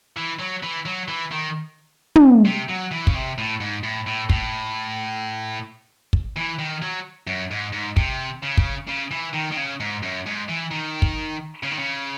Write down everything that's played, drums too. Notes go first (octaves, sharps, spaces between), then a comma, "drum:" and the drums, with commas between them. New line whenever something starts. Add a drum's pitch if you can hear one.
E3
F#3
E3
F#3
E3
D#3
drum: tom
C3
F#3
E3
C#3, drum: kick
C3
A2
G#2
A2
A2
A2, drum: kick
drum: kick
E3
D#3
F#3
F#2
G#2
G#2
C3, drum: kick
C#3
drum: kick
C#3
E3
D#3
D#3
C#3
G#2
F#2
G#2
E3
D#3
drum: kick
C#3
D#3
C#3